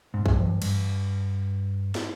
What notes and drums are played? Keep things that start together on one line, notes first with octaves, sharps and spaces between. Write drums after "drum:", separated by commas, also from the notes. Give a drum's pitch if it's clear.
G#2
G2, drum: kick A#1
drum: tom E3
G2, drum: cymbal
drum: snare